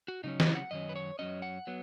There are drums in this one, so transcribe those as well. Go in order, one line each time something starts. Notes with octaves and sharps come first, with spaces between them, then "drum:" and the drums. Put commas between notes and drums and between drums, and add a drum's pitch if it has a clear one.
F#4
C#3 F#3 C#4 D#4
D#5, drum: snare
F#5
F#2 D#3 F#3 C#4 D#5
B4
C#5
F#2 F#3 C#4 D#5
F#5
F#3 B3